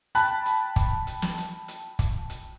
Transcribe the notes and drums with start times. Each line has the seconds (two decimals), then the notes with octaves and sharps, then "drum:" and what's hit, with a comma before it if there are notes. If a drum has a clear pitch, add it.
0.15 G5 A5 B5 F#6, drum: hi-hat
0.45 drum: hi-hat
0.76 drum: kick, hi-hat
1.07 drum: hi-hat
1.22 drum: snare
1.38 drum: hi-hat
1.68 drum: hi-hat
1.99 drum: kick, hi-hat
2.30 drum: hi-hat